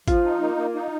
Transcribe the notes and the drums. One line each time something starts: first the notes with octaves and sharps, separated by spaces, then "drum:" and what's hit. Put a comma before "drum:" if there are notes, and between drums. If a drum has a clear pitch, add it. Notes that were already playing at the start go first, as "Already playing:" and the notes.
F3 F4, drum: kick G#1, hi-hat
D#4
A#3
A#3
D#4